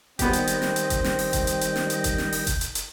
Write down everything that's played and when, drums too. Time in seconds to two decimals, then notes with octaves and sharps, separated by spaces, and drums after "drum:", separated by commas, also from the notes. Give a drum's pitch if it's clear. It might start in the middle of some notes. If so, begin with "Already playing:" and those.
0.19 D#3 G3 B3 C4 G4 D#5 G5, drum: kick F#1, hi-hat
0.33 drum: hi-hat
0.47 drum: hi-hat
0.62 drum: snare
0.76 drum: hi-hat
0.90 drum: kick F#1, hi-hat
1.04 drum: snare
1.19 drum: open hi-hat
1.33 drum: kick F#1, hi-hat
1.47 drum: hi-hat
1.61 drum: hi-hat
1.76 drum: snare
1.90 drum: hi-hat
2.04 drum: kick F#1, hi-hat
2.18 drum: snare
2.32 drum: open hi-hat
2.47 drum: kick F#1, hi-hat
2.61 drum: hi-hat
2.75 drum: hi-hat